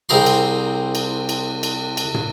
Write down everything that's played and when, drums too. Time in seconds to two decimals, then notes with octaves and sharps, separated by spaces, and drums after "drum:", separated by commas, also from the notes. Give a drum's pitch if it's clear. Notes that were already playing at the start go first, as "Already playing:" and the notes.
0.09 C2 C4 G#4 A#4 C6
0.26 drum: cymbal
0.95 drum: cymbal
1.29 drum: cymbal
1.63 drum: cymbal
1.97 drum: cymbal
2.14 drum: tom